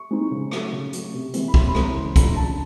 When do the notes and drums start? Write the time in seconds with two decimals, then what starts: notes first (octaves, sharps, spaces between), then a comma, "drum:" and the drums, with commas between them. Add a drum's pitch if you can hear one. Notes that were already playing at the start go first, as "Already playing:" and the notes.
Already playing: C#6
0.11 G#3 C4 D#4
0.31 C#3
0.51 F#3 A3, drum: rim click
0.72 C#3
0.93 F#3 A3, drum: hi-hat
1.13 C3
1.34 E3 G#3 C4, drum: hi-hat
1.48 B5
1.54 C3 C6, drum: kick
1.68 B5
1.75 E3 G#3 C4, drum: rim click
1.81 A#5
1.95 C#3 C6
2.05 C6
2.16 F3 A3 D4 B5, drum: kick, hi-hat
2.26 A#5
2.36 C#3 A5